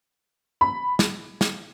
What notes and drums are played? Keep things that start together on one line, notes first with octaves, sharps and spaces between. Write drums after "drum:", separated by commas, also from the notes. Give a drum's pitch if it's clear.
B5
drum: snare
drum: snare